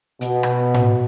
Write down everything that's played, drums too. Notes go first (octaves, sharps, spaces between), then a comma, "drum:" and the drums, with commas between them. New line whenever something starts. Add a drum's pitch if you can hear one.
B2, drum: hi-hat
drum: rim click
drum: tom A2